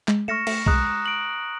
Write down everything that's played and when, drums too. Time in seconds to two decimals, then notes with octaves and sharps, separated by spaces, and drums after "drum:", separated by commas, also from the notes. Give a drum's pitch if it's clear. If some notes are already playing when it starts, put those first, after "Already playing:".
0.08 G#3, drum: clap
0.28 A3 C#6 F6 A#6 C#7 E7
0.47 A3, drum: cymbal
0.66 G#3 A#5 D#6 F#6, drum: kick B1
1.06 D7 F#7